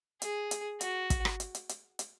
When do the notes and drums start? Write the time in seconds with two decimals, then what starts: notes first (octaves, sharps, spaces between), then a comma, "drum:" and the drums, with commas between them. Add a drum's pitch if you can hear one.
0.22 G#4, drum: hi-hat
0.51 drum: hi-hat
0.81 F#4, drum: hi-hat
1.10 drum: kick, hi-hat
1.25 drum: rim click
1.40 drum: hi-hat
1.55 drum: hi-hat
1.69 drum: hi-hat
1.99 drum: hi-hat